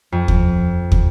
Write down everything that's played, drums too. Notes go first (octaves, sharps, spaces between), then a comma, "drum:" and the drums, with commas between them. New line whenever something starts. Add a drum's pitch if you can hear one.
F2
drum: kick
drum: kick